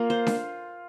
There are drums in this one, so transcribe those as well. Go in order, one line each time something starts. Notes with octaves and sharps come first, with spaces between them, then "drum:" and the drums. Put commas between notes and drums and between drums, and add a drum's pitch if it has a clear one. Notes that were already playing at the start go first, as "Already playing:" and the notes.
Already playing: A#3 F4 F5
C5
drum: snare D4